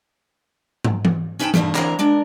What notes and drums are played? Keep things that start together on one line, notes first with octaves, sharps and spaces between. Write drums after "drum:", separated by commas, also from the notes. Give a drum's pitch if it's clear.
drum: tom
drum: tom E3
C#4 D#4 B4 E5 G5 A5
E2 G2 B2 A3 D#4, drum: tom E3
D2 E3 C4 A#4 A#5, drum: clap
G#3 D4 A#4